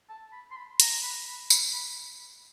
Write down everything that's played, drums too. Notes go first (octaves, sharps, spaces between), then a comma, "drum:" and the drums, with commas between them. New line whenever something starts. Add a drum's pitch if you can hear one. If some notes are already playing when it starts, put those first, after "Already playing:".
A5
B5
C6
B5
A#5, drum: hi-hat
B5
B5
B5, drum: tambourine
B5